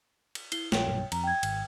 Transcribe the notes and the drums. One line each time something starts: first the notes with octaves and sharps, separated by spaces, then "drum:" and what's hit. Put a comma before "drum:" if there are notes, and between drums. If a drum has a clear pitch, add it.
drum: cymbal
E4 C7 G7, drum: cymbal
A#1 C#5 G5, drum: snare
B1 G2 A#2
F2 A#5, drum: cymbal
G5 G#6
G#1, drum: cymbal